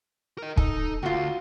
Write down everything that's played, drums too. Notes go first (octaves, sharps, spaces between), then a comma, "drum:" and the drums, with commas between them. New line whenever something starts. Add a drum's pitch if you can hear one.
A#4 D#5
D#4 A4, drum: kick
D2 F4 F#4